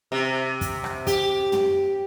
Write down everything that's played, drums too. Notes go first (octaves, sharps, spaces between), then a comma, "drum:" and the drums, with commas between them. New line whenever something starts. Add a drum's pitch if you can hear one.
C3
drum: kick, hi-hat
drum: rim click
G4, drum: kick, hi-hat
drum: tom